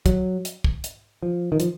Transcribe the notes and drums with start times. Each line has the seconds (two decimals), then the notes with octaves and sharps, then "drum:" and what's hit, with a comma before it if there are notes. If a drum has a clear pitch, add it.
0.06 F#3, drum: kick, hi-hat
0.45 drum: hi-hat
0.64 drum: kick
0.84 drum: hi-hat
1.23 F3
1.52 D#3
1.60 F3, drum: hi-hat